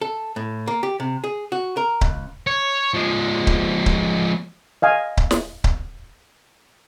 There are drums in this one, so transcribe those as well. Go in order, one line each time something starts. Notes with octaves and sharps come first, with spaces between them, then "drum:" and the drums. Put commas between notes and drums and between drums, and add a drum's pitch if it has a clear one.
A4
A2
A#3
G4
C3
G#4
F#4
A#4
C#2, drum: kick C#1
C#5
F3 G#3
drum: kick C#1
drum: kick C#1
D#5 F5 G#5
drum: kick C#1
drum: snare
drum: kick C#1